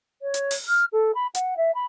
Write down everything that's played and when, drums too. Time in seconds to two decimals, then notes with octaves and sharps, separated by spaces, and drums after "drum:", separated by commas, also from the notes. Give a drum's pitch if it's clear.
0.22 C#5
0.34 drum: hi-hat
0.51 drum: open hi-hat
0.68 F6
0.92 A4
1.15 B5
1.35 F#5, drum: hi-hat
1.57 E5
1.75 B5